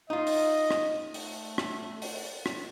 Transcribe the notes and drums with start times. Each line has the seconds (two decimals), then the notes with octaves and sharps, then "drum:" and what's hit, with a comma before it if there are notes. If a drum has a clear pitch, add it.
0.10 D#4 F4 D#5
0.27 drum: open hi-hat
0.71 drum: rim click
1.14 A3, drum: open hi-hat
1.58 drum: rim click
2.02 drum: open hi-hat
2.46 drum: rim click